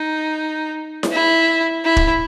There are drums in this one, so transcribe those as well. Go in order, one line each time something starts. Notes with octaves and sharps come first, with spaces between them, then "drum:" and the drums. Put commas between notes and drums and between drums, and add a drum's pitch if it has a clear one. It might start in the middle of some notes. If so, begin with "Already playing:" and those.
Already playing: D#4
drum: snare E4
E4
E4
drum: kick